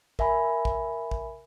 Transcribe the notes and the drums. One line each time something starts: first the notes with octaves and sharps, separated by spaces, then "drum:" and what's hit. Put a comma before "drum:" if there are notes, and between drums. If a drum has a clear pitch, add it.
A#4 E5 G#5 B5, drum: kick A#1
drum: kick A#1
drum: kick A#1